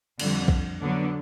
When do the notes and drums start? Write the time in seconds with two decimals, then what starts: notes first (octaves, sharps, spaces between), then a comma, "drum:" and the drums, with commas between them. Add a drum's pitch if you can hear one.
0.19 F2 D3 G3, drum: cymbal
0.48 drum: kick
0.82 D3 F#3 B3 D4